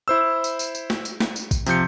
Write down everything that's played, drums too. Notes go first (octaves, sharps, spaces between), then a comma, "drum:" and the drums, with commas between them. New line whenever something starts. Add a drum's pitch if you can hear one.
E4 C5 E6
drum: tambourine
drum: tambourine
drum: tambourine
drum: snare
drum: tambourine
drum: snare
drum: tambourine
drum: kick A1, tambourine
C3 F3 G6 C#7, drum: tambourine